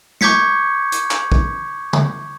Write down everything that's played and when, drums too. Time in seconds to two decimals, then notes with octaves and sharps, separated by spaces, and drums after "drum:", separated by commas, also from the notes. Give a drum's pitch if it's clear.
0.21 C#6 D6 G6 G#6 B6 C#7, drum: snare
0.92 drum: hi-hat
1.11 drum: clap
1.32 drum: kick
1.93 drum: tom